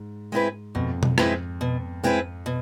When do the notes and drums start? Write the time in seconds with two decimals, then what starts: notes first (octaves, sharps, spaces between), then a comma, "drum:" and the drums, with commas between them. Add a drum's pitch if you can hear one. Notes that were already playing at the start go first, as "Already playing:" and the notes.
Already playing: G#2
0.32 G#3 C4 E4 B4
0.75 F2 B2
1.03 drum: tom B2
1.18 G#3 C4 E4 B4, drum: rim click
1.61 B2
2.03 G#3 C4 E4 B4
2.46 B2